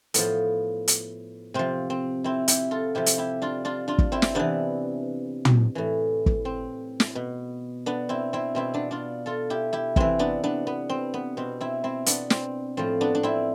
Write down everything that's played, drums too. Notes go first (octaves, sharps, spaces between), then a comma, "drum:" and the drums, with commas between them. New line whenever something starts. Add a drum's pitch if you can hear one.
A2 F3 B3, drum: hi-hat
drum: hi-hat
C3 F3 C4
C4
C4 E4
E4 G4, drum: hi-hat
F4 A4
C3 F3 E4 G4
drum: hi-hat
E4 G4
D4 F4
D4 F4
D4 F4
drum: kick
C4 E4
drum: snare
C3 E3 B3 D4
drum: tom
A2 E3
drum: kick
C4
drum: snare
B2
B3 D4
C4 E4
C4 E4
B2 C4 E4
B3 D4
D4 F4
F4 A4
E4 G4
E4 G4
C3 E3 C4 E4, drum: kick
B3 D4
B3 D4
B3
C4
B3
B2 C4
C4 E4
C4 E4
B3 D4, drum: hi-hat
C4, drum: snare
A2 F3 C4
B3 D4
D4
C4 E4